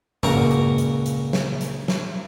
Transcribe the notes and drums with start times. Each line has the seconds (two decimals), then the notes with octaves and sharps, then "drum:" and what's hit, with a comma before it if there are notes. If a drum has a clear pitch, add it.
0.23 C#2 A#2 F#4 A#4, drum: tom G2
0.51 drum: hi-hat
0.78 drum: hi-hat
1.06 drum: hi-hat
1.33 drum: snare
1.61 drum: hi-hat
1.88 drum: snare